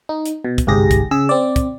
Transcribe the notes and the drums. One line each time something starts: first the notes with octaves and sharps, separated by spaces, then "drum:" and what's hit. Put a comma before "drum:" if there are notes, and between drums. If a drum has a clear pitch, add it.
D#4
drum: hi-hat
B2
drum: kick, hi-hat
G1 C2 G#2 G4 G#4 A#6
drum: kick, hi-hat
C#3 G#4 E6
C4 D5
drum: kick, hi-hat